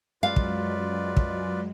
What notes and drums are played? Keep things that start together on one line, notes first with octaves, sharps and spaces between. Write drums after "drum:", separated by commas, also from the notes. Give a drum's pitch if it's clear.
F#2 F#3 G#3 F4 B4 D5 F5
drum: kick
drum: kick